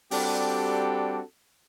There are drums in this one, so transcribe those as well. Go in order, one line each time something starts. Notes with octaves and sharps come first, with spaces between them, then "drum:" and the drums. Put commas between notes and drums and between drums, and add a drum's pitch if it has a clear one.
G3 C4 D4 F#4 G4 A4, drum: open hi-hat